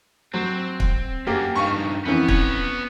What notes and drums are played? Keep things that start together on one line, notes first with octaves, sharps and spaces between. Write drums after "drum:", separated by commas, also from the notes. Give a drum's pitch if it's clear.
F#3 C4
drum: kick
F#2 A#3 G4
G2 D#3 F5 C#6
F2 E3 B3 C#4
B3 C#5, drum: kick